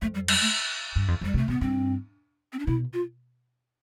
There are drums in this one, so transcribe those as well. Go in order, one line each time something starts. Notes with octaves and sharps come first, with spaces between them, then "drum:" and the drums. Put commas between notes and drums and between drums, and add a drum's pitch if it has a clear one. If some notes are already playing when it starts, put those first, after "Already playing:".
F2 A3
G3
G3, drum: cymbal
A3
G2
F2
F2
G3
C3
A3
B2 B3
G2 C4
C4
D4
B2 E4
F4